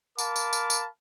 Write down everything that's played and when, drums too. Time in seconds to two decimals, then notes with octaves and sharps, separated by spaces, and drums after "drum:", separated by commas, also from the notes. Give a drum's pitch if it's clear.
0.18 A#4 F5 A5 B5 D6, drum: tambourine
0.36 drum: tambourine
0.53 drum: tambourine
0.70 drum: tambourine